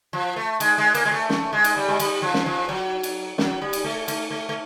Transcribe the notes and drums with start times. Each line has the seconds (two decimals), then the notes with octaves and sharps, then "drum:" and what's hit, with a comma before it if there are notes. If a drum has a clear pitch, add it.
0.13 F3
0.36 A3
0.60 G#3, drum: cymbal
0.78 G#3
0.95 A#3, drum: cymbal
1.05 G#3
1.12 A3
1.29 A3, drum: snare
1.53 G#3
1.64 drum: cymbal
1.76 G3
1.88 G#3
2.00 G3, drum: cymbal
2.22 F3
2.34 drum: snare
2.46 F3
2.69 F#3
3.03 drum: cymbal
3.38 F#3, drum: snare
3.62 G3
3.73 drum: cymbal
3.84 A3
4.08 A3, drum: cymbal
4.31 A3
4.49 A3